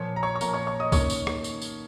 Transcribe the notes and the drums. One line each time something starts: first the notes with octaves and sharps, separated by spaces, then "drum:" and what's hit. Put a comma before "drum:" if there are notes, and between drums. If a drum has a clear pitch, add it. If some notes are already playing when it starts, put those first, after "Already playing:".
Already playing: A#2 F3 A#3 C#5
A#5
C#5 C#6
C#6
A#2 F3 A#3 A#4 A#5, drum: tambourine
C#5 C#6
C#5 C#6
D#5 D#6
D#3 A#3 C#4 C#5 C#6, drum: kick, tambourine
drum: tambourine
drum: rim click
drum: tambourine
drum: tambourine